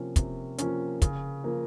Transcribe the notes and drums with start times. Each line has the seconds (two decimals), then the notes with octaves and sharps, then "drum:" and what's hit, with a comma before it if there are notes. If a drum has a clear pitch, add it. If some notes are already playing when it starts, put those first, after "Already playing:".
Already playing: C3 F3 A#3 C#4
0.16 C3, drum: kick, hi-hat
0.58 F3 A#3 C#4, drum: hi-hat
1.02 C#3, drum: kick, hi-hat
1.44 F3 A#3